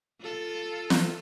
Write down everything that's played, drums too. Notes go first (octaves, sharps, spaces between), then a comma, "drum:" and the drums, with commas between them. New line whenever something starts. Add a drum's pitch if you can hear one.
F4 A4
drum: snare